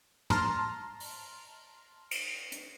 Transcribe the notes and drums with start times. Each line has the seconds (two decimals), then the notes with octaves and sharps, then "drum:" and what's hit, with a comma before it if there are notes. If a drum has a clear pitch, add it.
0.30 A5 A#5 C6 F6, drum: tom
1.00 drum: open hi-hat
2.11 drum: cymbal
2.52 drum: hi-hat